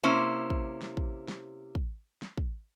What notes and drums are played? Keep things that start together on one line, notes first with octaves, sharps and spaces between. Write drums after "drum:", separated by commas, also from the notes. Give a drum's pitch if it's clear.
C3 A#3 C#4 E4 C5
drum: kick
drum: snare
drum: kick
drum: snare
drum: kick
drum: snare
drum: kick